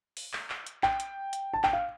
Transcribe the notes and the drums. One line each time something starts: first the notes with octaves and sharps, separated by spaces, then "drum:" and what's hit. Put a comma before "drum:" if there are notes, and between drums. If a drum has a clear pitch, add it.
drum: open hi-hat
drum: clap
drum: clap
drum: hi-hat
G5, drum: clap
drum: hi-hat
drum: hi-hat
A5
G5, drum: clap
F5